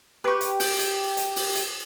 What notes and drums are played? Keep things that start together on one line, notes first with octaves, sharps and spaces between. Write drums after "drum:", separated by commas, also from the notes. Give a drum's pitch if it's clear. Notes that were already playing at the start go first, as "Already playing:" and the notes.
G4 B4 C#6
drum: hi-hat
G5, drum: open hi-hat
drum: hi-hat
drum: hi-hat
drum: open hi-hat
drum: hi-hat